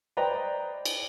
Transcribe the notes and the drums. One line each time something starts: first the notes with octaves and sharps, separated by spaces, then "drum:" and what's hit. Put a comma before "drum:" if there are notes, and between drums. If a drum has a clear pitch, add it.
B4 C5 D5 D#5 G5 A#5
drum: cymbal